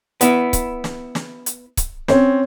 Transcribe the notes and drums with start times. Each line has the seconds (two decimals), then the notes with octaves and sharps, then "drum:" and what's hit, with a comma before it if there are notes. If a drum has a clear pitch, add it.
0.21 B3 E4, drum: hi-hat
0.53 drum: kick C#1, hi-hat
0.84 drum: snare
1.15 drum: snare
1.46 drum: hi-hat
1.77 drum: kick C#1, hi-hat
2.08 C4 C#4, drum: snare